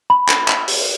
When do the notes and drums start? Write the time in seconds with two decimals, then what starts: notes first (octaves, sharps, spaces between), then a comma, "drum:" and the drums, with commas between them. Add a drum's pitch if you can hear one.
0.10 B5
0.29 drum: clap
0.48 drum: clap
0.68 drum: open hi-hat